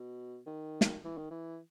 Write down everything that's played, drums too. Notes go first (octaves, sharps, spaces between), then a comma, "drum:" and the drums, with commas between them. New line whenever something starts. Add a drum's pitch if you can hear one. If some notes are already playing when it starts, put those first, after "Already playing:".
Already playing: B2
D#3
drum: snare
E3
D#3
E3